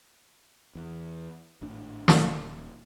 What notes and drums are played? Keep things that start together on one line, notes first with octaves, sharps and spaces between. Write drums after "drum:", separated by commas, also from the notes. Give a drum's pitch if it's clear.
E2
G#1 A2 D4
D#1 A#2, drum: snare